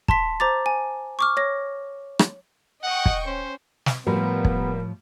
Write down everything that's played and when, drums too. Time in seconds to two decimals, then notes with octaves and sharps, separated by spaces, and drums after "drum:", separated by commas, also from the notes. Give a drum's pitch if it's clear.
0.08 A5 C6 B6, drum: kick
0.40 C5 A#5 D6 A6
0.66 G#5
1.19 C#6 D6 F6
1.37 C#5 A#6
2.19 drum: rim click
2.83 D#5 F#5 G5 C#6
3.06 drum: kick
3.26 C#4 C5
3.86 drum: snare
4.07 A2 F3 G3 A#3 B3
4.45 drum: kick